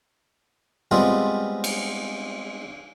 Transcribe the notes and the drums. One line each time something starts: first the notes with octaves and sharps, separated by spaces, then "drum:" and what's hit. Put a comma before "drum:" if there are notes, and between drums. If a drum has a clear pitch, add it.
G3 G#3 B3 C4 F4
drum: cymbal